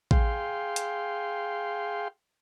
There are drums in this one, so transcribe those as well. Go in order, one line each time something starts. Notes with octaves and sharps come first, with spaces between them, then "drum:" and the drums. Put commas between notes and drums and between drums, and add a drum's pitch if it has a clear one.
G#4 F5 G5 C6, drum: kick
drum: hi-hat